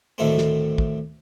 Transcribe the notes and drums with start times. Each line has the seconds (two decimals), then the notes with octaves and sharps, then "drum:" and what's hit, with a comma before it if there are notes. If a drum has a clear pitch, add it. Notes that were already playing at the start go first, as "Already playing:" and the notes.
0.18 D2 A2 D#3 A3 C4
0.38 drum: snare
0.78 drum: kick